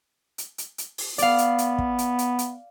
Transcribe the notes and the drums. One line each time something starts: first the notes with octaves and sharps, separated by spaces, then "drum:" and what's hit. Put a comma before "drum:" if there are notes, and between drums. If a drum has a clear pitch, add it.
drum: hi-hat
drum: hi-hat
drum: hi-hat
drum: open hi-hat
B3 D5 F5, drum: hi-hat
drum: hi-hat
drum: hi-hat
drum: kick
drum: hi-hat
drum: hi-hat
drum: hi-hat